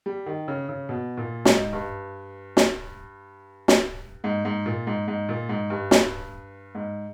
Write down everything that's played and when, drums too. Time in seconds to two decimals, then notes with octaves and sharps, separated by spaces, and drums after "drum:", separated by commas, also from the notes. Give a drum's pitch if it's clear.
0.06 G3
0.26 D#3
0.48 C#3
0.69 C#3
0.89 B2
1.17 A#2
1.45 G#2, drum: snare
1.73 G2
2.57 drum: snare
3.68 drum: snare
4.24 G#2
4.45 G#2
4.66 A#2
4.87 G#2
5.08 G#2
5.29 A#2
5.49 G#2
5.70 G2
5.91 G2, drum: snare
6.75 G#2